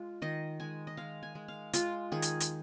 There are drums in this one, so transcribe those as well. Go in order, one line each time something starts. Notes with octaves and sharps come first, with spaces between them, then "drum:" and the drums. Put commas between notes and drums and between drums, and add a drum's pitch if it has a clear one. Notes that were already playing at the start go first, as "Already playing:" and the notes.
Already playing: G#3 F4
D#3 D#5
G#3 G#5
D#5
G#3 F5
G#5
G#3
F5
G#3 F4, drum: hi-hat
D#3 G#4
drum: hi-hat
drum: hi-hat